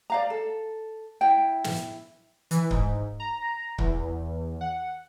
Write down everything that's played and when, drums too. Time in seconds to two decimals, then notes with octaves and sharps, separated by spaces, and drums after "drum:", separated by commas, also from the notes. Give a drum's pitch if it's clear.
0.10 D5 F5 A#5
0.30 A4
1.21 E4 G5
1.64 drum: snare
2.51 E3, drum: hi-hat
2.71 G#2, drum: kick C#1
3.20 A#5
3.78 E2, drum: kick C#1
4.61 F#5